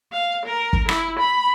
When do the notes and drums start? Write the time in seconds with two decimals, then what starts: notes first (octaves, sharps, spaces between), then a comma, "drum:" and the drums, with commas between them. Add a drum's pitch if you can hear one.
0.13 F5
0.46 A#4
0.73 drum: kick
0.89 E4, drum: rim click
1.19 B5